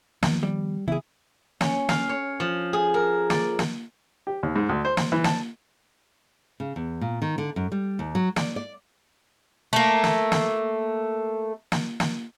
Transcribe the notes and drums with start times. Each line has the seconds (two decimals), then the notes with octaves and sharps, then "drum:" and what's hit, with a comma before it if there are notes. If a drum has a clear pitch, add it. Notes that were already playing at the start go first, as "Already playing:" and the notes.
0.23 D#3 F3 B3, drum: snare
0.43 G3
0.88 C#3 E3 B3 E4 G#4
1.61 C#4, drum: snare
1.89 F5, drum: snare
2.09 C#5
2.40 F3
2.73 G#4
2.94 A#4
3.30 D5, drum: snare
3.59 drum: snare
4.27 G4
4.43 D#2
4.56 G#2
4.69 D2
4.85 C5
4.97 C6, drum: snare
5.12 E3
5.24 A5, drum: snare
6.60 C#3
6.76 E2
7.01 A#2
7.22 D#3
7.38 D3
7.56 F#2
7.72 G3
7.99 D#2
8.15 F#3
8.36 D5, drum: snare
8.56 D5
9.73 A3 A#3
10.04 drum: snare
10.32 drum: snare
11.72 drum: snare
12.00 drum: snare